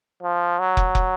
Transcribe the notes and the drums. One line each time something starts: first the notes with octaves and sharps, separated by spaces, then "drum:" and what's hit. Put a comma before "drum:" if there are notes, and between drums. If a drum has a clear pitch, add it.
F3
F#3
drum: kick
drum: kick